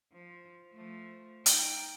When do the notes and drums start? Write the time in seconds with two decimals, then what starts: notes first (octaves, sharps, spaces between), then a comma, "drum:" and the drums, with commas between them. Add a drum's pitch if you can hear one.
0.13 F3
0.72 F3 A3
1.46 D#4 G5, drum: hi-hat